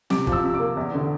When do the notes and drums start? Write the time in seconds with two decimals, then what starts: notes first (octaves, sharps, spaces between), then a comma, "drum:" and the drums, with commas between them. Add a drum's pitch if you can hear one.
0.10 C3 D6, drum: snare
0.27 F3, drum: kick
0.32 E6
0.44 C3
0.54 D6
0.60 A#3
0.77 E2
0.94 D3